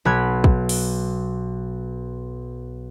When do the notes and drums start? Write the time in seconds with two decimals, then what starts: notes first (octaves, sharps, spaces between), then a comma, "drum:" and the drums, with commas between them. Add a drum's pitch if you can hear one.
0.05 B1 B5 F#6 G#6
0.44 drum: kick
0.69 drum: open hi-hat